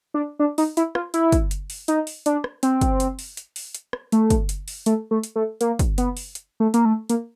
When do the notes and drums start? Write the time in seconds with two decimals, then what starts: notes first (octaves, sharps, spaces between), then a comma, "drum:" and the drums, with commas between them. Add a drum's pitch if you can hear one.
0.14 D4
0.39 D4
0.58 D#4, drum: open hi-hat
0.77 E4, drum: hi-hat
0.95 F4, drum: rim click
1.14 E4, drum: hi-hat
1.32 drum: kick, hi-hat
1.51 drum: hi-hat
1.70 drum: open hi-hat
1.88 D#4, drum: hi-hat
2.07 drum: open hi-hat
2.26 D4, drum: hi-hat
2.44 drum: rim click
2.63 C4, drum: hi-hat
2.81 drum: kick, hi-hat
3.00 drum: hi-hat
3.19 drum: open hi-hat
3.37 drum: hi-hat
3.56 drum: open hi-hat
3.75 drum: hi-hat
3.93 drum: rim click
4.12 A3, drum: hi-hat
4.30 drum: kick, hi-hat
4.49 drum: hi-hat
4.68 drum: open hi-hat
4.86 A3, drum: hi-hat
5.11 A3
5.24 drum: hi-hat
5.36 A3
5.61 A#3, drum: hi-hat
5.79 drum: kick, hi-hat
5.98 B3, drum: hi-hat
6.17 drum: open hi-hat
6.35 drum: hi-hat
6.60 A3
6.74 A#3, drum: hi-hat
6.85 A3
7.09 A#3, drum: hi-hat